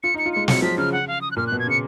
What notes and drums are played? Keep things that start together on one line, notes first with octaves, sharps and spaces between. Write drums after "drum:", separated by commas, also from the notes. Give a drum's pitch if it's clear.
F4 C#7
D#4
C#7
F4
G#3 C#7
F#3 C#7, drum: snare
F3 B6
C#3 F6
F#5
F5
D#6
F#6
A#2 F6
B2 F#6
G#6
C#3
C#7